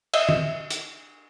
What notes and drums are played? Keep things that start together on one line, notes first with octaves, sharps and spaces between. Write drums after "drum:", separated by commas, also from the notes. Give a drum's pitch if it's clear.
D#5 E5, drum: cymbal
drum: tom
drum: hi-hat